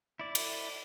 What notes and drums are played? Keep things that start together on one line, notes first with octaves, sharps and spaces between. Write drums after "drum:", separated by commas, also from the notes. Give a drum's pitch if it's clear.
E4 D5
drum: cymbal